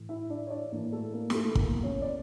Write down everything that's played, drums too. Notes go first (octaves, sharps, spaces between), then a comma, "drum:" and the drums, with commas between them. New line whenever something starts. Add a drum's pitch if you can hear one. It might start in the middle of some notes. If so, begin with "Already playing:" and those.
Already playing: A2 E3
E4 E5
D4 D5
C#5
D4 D5
A2 E3 A#3 A#4
A3 A4
A#3 A#4
G4, drum: snare
A3 A4
E2 E3 A#3 A#4, drum: kick
C#4 C#5
D5